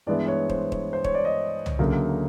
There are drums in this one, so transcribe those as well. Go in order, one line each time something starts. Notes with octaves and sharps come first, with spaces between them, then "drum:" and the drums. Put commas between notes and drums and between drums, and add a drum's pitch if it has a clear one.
G2 E3 G#3 B3 D5
C#5
C5, drum: kick
C#5, drum: kick
C5
C#5, drum: kick
D5
D#5
drum: tom C2
D2 C#3 F#3 A#3